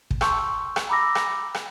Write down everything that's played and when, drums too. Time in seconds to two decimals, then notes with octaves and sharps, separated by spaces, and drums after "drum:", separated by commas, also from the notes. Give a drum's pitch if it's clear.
0.11 drum: kick
0.21 A5 C6 C#6 E6 G6, drum: rim click
0.76 drum: rim click
0.89 A#5 B5 D6 E6 A#6
1.15 drum: rim click
1.54 drum: rim click